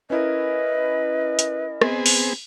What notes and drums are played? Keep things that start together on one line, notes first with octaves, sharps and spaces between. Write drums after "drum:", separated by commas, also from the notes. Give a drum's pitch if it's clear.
C#4 E4 A#4 B4 D#5
drum: hi-hat
B3 C4 G#4, drum: rim click
drum: open hi-hat